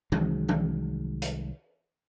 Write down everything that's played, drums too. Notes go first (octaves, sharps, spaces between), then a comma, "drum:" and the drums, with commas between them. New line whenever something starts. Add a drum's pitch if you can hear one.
C2 D#3 F#3 G#3, drum: tom E3
drum: tom E3
drum: hi-hat